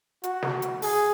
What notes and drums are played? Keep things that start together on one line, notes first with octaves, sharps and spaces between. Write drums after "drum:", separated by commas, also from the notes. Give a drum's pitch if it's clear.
F#4, drum: hi-hat
drum: snare
drum: hi-hat
G#4, drum: open hi-hat